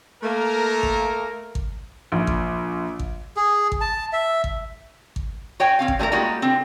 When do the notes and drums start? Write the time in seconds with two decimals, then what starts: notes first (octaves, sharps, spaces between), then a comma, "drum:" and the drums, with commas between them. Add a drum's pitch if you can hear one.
0.23 A3 A#3 A#4
0.83 drum: kick G#1
1.55 drum: kick G#1
2.12 A#1
2.27 drum: kick G#1
2.99 drum: kick G#1
3.37 G#4
3.72 drum: kick G#1
3.81 A5
4.13 E5
4.44 drum: kick G#1
5.16 drum: kick G#1
5.60 F#4 C#5 G5 G#5
5.79 C4 C#4 F5
5.88 drum: kick G#1
5.99 G3 A3 F#4 A#4
6.12 G3 G#3 A#3 F4 F#4
6.42 D3 C4